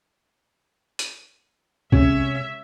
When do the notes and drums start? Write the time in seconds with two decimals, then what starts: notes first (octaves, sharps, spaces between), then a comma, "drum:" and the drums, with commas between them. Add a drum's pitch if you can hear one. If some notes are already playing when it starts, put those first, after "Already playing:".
0.99 drum: hi-hat
1.92 C3 G#3 C#4 E5, drum: kick B1